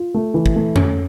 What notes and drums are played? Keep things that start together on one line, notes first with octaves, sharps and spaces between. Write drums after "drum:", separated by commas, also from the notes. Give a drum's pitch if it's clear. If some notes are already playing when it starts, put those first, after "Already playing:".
Already playing: F4
A3
E3
drum: kick
A3
C#4, drum: tom F2